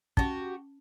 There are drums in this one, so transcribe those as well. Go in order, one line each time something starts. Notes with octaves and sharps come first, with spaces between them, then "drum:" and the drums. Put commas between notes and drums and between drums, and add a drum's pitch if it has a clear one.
C#4 F#4 G4, drum: kick